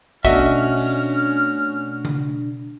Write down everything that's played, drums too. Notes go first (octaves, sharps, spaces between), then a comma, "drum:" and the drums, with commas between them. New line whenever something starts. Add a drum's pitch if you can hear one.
B2 A3 C#4 D4 F#4 D#5 E5 F6, drum: kick A#1
drum: open hi-hat
drum: tom C#3